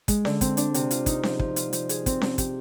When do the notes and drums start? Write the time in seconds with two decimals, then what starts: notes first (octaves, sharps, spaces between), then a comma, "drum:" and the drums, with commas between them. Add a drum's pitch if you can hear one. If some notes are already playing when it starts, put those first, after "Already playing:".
0.08 G#3, drum: kick, hi-hat
0.25 D3, drum: snare C#4
0.41 C4, drum: kick, hi-hat
0.57 D4, drum: hi-hat
0.74 C3, drum: hi-hat
0.91 F4, drum: hi-hat
1.06 D#4, drum: kick, hi-hat
1.23 F3, drum: snare C#4
1.39 F3, drum: kick
1.56 F4, drum: hi-hat
1.73 F3, drum: hi-hat
1.89 G#4, drum: hi-hat
2.06 C4, drum: kick, hi-hat
2.21 C3, drum: snare C#4
2.38 G4, drum: kick, hi-hat